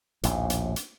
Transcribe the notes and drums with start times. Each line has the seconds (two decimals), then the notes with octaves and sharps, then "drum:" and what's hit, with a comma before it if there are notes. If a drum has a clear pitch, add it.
0.23 A#1 D#2 A2, drum: hi-hat
0.50 drum: hi-hat
0.76 drum: hi-hat